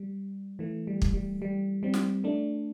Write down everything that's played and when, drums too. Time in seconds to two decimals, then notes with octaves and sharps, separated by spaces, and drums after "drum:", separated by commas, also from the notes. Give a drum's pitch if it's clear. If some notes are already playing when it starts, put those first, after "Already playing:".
Already playing: G3
0.59 E3 A3
0.87 G3
1.02 drum: kick
1.14 G3
1.42 G3
1.83 G3 C4
1.94 drum: snare
2.24 A3 D4